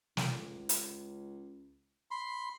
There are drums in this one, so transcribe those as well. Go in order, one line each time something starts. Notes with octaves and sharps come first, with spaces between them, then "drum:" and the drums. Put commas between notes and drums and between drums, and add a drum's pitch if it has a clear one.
C#2, drum: snare
drum: hi-hat
B5 C6